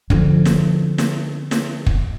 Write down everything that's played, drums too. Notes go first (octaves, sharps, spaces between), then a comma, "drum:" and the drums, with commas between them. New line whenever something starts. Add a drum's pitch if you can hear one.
D3 F3, drum: kick
drum: snare
drum: snare
drum: snare
drum: kick